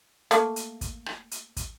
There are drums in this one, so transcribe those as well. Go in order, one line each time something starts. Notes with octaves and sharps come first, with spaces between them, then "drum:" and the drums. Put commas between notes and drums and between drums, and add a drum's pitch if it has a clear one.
A3 A#3, drum: hi-hat
drum: hi-hat
drum: kick, hi-hat
drum: rim click
drum: hi-hat
drum: kick, hi-hat